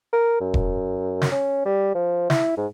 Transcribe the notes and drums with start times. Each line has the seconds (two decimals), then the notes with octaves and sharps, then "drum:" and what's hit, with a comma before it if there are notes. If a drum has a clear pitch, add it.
0.13 A#4
0.40 F#2
0.54 drum: kick E1
1.22 drum: snare
1.32 C#4
1.65 G3
1.95 F3
2.30 E4, drum: snare
2.57 G#2